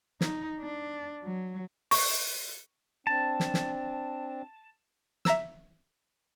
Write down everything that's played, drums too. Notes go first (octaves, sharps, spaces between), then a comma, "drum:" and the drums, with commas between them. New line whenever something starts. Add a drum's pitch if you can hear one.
D#4, drum: snare
D4
F#3
C#6, drum: open hi-hat
C4 D4 A5
drum: snare
drum: snare
E5 A#5 E6, drum: snare